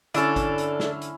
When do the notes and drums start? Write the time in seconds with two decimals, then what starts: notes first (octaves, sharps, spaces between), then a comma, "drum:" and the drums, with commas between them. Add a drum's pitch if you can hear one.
0.14 D3 C#4 D4 E4 A4 E6 F6, drum: hi-hat
0.36 drum: kick G#1, hi-hat
0.58 drum: hi-hat
0.80 drum: snare
1.02 drum: hi-hat